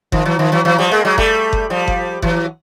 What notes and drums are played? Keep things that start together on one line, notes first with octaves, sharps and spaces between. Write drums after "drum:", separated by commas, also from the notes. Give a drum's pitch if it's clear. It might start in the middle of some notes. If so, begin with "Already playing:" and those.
D#3 F3, drum: kick F#1
E3 F#3
D#3 F3
E3 F#3
E3 F#3
F3 G3
G#3 A#3
F#3 G#3
G3 A3, drum: kick F#1
drum: kick F#1
F3 G3
drum: kick F#1
E3 F#3, drum: kick F#1